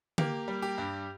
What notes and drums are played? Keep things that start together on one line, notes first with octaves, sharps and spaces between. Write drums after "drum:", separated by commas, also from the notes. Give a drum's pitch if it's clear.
A#3 G4, drum: tom D3
G3
G4
G2